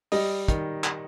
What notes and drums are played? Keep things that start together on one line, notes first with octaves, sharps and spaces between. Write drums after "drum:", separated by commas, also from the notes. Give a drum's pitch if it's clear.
G3 D#5, drum: open hi-hat
D#3, drum: kick, hi-hat
drum: clap